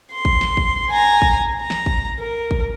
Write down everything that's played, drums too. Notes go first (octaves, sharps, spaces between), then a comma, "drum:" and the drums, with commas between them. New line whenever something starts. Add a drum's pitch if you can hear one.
C6
drum: kick
drum: snare
drum: kick
G#5 A#5
drum: kick
A#5
drum: snare
drum: kick
A#4
drum: kick